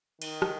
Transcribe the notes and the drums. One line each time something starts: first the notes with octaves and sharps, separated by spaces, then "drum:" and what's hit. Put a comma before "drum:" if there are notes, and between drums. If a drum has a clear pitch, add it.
D#3, drum: cymbal
drum: rim click